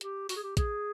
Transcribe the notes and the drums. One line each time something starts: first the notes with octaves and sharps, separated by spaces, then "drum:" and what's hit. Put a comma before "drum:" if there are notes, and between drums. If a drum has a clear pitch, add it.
G4, drum: hi-hat
F#4, drum: open hi-hat
G#4
G4
G#4, drum: kick A#1, hi-hat